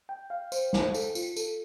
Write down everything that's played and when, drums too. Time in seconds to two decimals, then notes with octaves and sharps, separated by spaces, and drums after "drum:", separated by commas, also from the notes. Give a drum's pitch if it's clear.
0.09 G5
0.30 F5
0.52 C5, drum: tambourine
0.73 C5, drum: snare
0.83 C5
0.94 A4, drum: tambourine
1.15 F4, drum: tambourine
1.37 A4, drum: tambourine